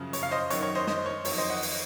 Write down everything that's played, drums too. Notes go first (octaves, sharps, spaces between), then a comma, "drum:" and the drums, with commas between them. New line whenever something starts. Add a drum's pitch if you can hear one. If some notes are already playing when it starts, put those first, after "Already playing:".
Already playing: F#2 C#3 F3
C#5, drum: hi-hat
F5
C5 D#5
F#2 D#3 F#3 C#5, drum: hi-hat
C#5
C5 D#5
C5 D#5, drum: snare
C#5
F2 D#3 F#3 C#5, drum: open hi-hat
C5 D#5
D#5 F#5
drum: open hi-hat